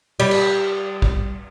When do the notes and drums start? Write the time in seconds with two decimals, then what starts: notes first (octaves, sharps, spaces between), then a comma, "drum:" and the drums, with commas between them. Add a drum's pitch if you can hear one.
0.20 G3
0.31 drum: cymbal
1.02 drum: kick